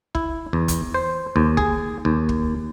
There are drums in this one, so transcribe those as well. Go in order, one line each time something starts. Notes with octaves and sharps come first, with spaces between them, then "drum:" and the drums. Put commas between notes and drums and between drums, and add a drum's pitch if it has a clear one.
E4, drum: kick
E2
drum: kick, hi-hat
C5
D#2
G#4, drum: kick
D#2
drum: kick